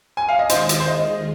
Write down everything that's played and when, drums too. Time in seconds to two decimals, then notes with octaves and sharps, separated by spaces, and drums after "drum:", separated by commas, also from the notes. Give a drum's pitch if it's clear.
0.17 G#5
0.29 F5
0.39 D#5
0.49 D#2 D#3 G#3 F4 G#4 C5, drum: hi-hat
0.69 drum: hi-hat
0.80 C5
0.88 D#5